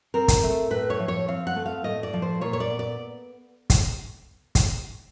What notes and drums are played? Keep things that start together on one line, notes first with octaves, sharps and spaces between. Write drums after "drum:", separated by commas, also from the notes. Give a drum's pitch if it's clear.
C4 A#4
drum: kick, hi-hat
A3
A2 B4
C#5
F3
C#5
C4 F5
F#5
A3
F5
A2 D#5
D5
F3
C5
A#2 C#5
C#5
D5
B3
D5
drum: kick, hi-hat
drum: kick, hi-hat